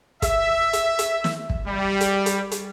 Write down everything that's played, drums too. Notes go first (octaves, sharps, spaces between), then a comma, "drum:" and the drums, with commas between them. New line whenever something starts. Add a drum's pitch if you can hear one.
E5, drum: kick, hi-hat
drum: hi-hat
drum: hi-hat
drum: snare
drum: kick
G3
drum: hi-hat
drum: hi-hat
drum: hi-hat